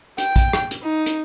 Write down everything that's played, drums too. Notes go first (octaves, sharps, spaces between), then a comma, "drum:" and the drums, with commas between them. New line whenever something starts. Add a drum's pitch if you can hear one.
G5, drum: hi-hat
drum: kick A#1, hi-hat
drum: rim click
drum: hi-hat
D#4
drum: hi-hat